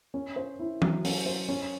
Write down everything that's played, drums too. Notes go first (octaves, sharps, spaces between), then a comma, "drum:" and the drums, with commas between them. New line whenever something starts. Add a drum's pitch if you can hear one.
C#4
C5
E4
F#3, drum: tom E3
C#4, drum: open hi-hat
C5
C#4